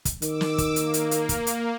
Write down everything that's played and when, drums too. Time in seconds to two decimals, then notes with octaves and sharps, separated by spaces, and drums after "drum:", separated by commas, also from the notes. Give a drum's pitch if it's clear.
0.05 drum: kick, hi-hat
0.22 D#3 D6 E6, drum: hi-hat
0.41 drum: snare
0.58 drum: kick, hi-hat
0.76 A#3, drum: hi-hat
0.94 drum: hi-hat
1.11 drum: hi-hat
1.29 drum: kick, hi-hat
1.47 drum: hi-hat